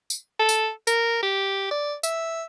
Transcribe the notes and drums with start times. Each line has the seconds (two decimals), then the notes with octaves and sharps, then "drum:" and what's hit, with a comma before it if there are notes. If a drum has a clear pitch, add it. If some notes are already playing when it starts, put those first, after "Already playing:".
0.10 drum: tambourine
0.39 A4
0.49 drum: tambourine
0.87 A#4, drum: tambourine
1.23 G4
1.71 D5
2.03 E5, drum: tambourine